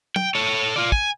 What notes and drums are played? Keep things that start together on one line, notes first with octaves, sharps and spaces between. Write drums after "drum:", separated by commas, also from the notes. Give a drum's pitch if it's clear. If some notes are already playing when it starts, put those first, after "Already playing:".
G5, drum: tom
A4 C#5
F4 D5
G#5, drum: kick